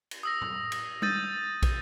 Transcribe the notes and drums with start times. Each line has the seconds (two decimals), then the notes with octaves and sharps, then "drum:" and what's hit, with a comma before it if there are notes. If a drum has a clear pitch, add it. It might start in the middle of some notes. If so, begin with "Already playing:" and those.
0.11 drum: cymbal
0.23 D#6 E6 A#6
0.41 drum: tom A2
0.72 drum: cymbal
1.02 D#6 E6 G6 A6 D#7, drum: tom G3
1.63 drum: kick, cymbal